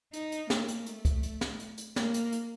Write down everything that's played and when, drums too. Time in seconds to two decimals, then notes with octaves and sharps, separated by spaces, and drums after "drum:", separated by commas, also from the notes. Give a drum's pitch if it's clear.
0.13 D#4, drum: hi-hat
0.32 drum: hi-hat
0.50 A#3, drum: snare
0.68 drum: hi-hat
0.86 A3, drum: hi-hat
1.05 drum: kick, hi-hat
1.23 drum: hi-hat
1.41 drum: snare
1.59 drum: hi-hat
1.78 drum: hi-hat
1.96 A#3, drum: snare
2.14 drum: hi-hat
2.32 drum: hi-hat